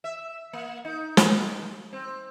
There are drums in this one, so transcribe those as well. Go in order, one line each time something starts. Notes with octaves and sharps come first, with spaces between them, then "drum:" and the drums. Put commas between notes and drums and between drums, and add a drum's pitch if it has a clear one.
E5
A#3
D#4
drum: snare
C4